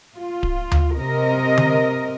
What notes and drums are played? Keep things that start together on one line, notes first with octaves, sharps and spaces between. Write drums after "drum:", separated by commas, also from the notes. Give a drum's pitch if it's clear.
F4
drum: kick D1
drum: tom D2
C3 A#4 D#5
drum: tom D3